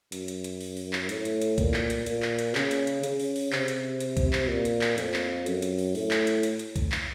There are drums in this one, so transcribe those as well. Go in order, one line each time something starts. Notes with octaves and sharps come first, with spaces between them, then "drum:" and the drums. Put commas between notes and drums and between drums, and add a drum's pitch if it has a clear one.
F#2, drum: hi-hat
drum: hi-hat
drum: hi-hat
drum: open hi-hat
drum: open hi-hat
drum: clap
A2, drum: hi-hat
drum: hi-hat
drum: hi-hat
A#2, drum: kick, hi-hat
drum: clap
drum: hi-hat
A#2, drum: hi-hat
drum: clap
drum: hi-hat
C#3, drum: clap
drum: hi-hat
drum: hi-hat
C#3, drum: hi-hat
drum: open hi-hat
drum: open hi-hat
C3, drum: clap
drum: hi-hat
drum: hi-hat
drum: kick, hi-hat
drum: clap
A#2
drum: hi-hat
drum: clap
F2, drum: hi-hat
drum: clap
F#2, drum: hi-hat
drum: hi-hat
drum: open hi-hat
A2, drum: open hi-hat
drum: clap
drum: hi-hat
drum: hi-hat
drum: hi-hat
drum: kick, hi-hat
drum: clap